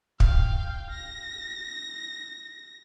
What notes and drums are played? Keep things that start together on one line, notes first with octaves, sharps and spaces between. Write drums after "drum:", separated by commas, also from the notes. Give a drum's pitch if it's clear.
F5 G5, drum: kick
A#6